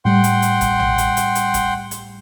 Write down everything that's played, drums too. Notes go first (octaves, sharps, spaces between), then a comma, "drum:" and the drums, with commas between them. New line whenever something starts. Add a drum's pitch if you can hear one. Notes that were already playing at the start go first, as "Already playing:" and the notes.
A2 G3 F#5 G5 C6
drum: hi-hat
drum: hi-hat
drum: kick G#1, hi-hat
drum: tom
drum: hi-hat
drum: hi-hat
drum: hi-hat
drum: kick G#1, hi-hat
drum: hi-hat